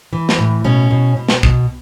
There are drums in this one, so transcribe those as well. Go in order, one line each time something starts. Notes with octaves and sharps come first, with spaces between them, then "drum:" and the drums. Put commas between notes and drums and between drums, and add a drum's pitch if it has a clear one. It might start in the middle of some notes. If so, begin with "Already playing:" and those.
E3
drum: snare
A2
B2 C#4
B2
B2
drum: snare
B2, drum: kick